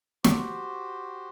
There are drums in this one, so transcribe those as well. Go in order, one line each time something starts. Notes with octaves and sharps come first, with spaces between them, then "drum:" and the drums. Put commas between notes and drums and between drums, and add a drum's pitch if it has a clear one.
F#4 G4 C5, drum: snare